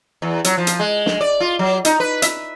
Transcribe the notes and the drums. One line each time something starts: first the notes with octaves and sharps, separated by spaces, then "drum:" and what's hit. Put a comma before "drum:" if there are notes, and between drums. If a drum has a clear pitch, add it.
E2
F#3, drum: hi-hat
F3
drum: hi-hat
G#3
drum: snare
D5
F4
F#3
D#4, drum: hi-hat
B4
E5, drum: hi-hat